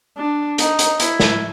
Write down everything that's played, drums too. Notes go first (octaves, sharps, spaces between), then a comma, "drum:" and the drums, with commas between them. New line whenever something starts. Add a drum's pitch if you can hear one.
D4
D#4, drum: hi-hat
drum: hi-hat
E4, drum: hi-hat
drum: snare